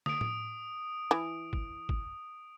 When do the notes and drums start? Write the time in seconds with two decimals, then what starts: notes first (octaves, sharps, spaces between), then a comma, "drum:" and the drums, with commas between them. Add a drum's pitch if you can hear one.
0.06 D#6 D7, drum: snare D3
0.21 drum: tom A2
1.11 E3
1.53 drum: kick
1.89 drum: kick